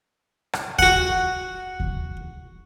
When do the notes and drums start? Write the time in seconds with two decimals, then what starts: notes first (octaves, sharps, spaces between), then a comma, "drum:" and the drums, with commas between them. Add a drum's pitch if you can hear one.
0.53 drum: rim click
0.79 F#4 F#5, drum: kick D#2
1.80 drum: kick D#2